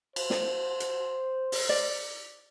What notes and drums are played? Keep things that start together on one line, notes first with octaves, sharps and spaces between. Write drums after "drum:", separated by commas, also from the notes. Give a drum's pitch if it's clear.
C5, drum: cymbal
drum: snare
drum: hi-hat
drum: open hi-hat
D5